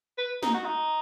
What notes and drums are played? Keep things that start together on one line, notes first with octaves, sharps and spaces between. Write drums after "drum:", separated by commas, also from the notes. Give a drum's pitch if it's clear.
B4
D#4, drum: snare
F#4
D#4